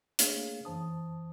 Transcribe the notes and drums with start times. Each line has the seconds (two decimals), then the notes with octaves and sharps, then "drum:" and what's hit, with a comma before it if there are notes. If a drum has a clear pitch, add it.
0.19 A3 A#3 D4 G#4 C#5 F5, drum: hi-hat
0.65 F#2 E3 C5 A5 D#6